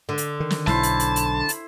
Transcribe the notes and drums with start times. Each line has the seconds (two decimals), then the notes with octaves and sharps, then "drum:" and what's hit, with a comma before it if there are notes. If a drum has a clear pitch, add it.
0.09 D3
0.18 drum: hi-hat
0.40 D#3
0.50 drum: snare
0.67 B1 E4 C5 A5, drum: snare
0.83 drum: hi-hat
1.00 drum: hi-hat
1.16 drum: hi-hat
1.49 drum: hi-hat